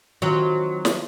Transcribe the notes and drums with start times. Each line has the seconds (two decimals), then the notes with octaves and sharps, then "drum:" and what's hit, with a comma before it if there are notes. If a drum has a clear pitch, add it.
0.22 D#3 F#3 C4 F4
0.85 drum: snare